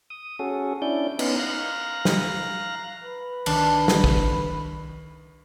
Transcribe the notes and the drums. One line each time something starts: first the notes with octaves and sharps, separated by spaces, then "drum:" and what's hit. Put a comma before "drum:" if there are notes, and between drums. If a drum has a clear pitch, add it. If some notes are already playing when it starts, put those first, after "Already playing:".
D#6
C#4 F#4 G#4 A4
C#4 D4 E4 D5 G6
B3 C#4 D#4, drum: cymbal
F5 A#5 F#6 A#6
drum: snare
B4
C2 D#3 D4, drum: cymbal
drum: snare
drum: kick